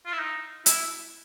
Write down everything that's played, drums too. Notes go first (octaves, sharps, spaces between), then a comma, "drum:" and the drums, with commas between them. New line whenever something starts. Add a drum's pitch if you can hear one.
F4
E4
D#4
E4, drum: hi-hat